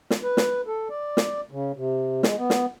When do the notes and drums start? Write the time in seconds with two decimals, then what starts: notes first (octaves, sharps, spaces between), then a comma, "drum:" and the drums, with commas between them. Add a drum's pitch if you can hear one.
0.10 drum: snare
0.23 B4
0.37 drum: snare
0.67 A4
0.90 D5
1.17 drum: snare
1.51 C#3
1.76 C3
2.23 G#3, drum: snare
2.37 B3
2.50 drum: snare